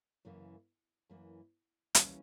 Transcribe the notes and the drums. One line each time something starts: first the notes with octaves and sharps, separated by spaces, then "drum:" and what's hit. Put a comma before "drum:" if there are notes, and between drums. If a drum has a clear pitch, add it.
F#2 C#3 E3 A#3
F#2 E3 A#3
E3 G3 A#3 C#4, drum: hi-hat